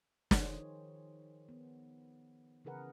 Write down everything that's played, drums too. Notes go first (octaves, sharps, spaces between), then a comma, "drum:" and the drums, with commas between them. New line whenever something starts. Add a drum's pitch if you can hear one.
D#3 F3 G#4 C5 C#5, drum: snare
B3
C#3 E3 G#4 A#4 B4 F#5